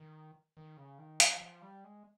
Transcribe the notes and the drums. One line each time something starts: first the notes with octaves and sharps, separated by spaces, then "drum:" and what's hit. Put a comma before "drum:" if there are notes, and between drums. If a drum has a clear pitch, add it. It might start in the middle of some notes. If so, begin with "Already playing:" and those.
Already playing: D#3
D#3
C#3
D#3
F3, drum: hi-hat
F3
G3
G#3